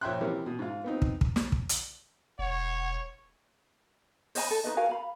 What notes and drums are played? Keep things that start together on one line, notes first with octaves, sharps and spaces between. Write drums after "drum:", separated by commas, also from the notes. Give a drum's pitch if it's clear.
A#1 C#5 E5 G5 C6 F#6
C3 E3 G3 G4 A#4
B2
G#2 F4
B3 C4 D#4
drum: kick
drum: kick
drum: snare
drum: kick
drum: hi-hat
E1 C#5 F#5
C5 D#5 G#5 B5, drum: open hi-hat
A4
D#4 F4 B4 D#5
F#4 A#4 F5 G#5
F5 B5